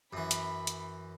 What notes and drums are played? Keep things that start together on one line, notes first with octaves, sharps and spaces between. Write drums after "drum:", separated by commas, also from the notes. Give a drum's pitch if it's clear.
F#2 E3 B5
drum: hi-hat
drum: hi-hat